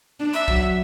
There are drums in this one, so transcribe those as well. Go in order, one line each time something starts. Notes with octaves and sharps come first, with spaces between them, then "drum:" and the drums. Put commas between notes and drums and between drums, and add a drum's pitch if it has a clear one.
D4
E5, drum: hi-hat
F#3, drum: kick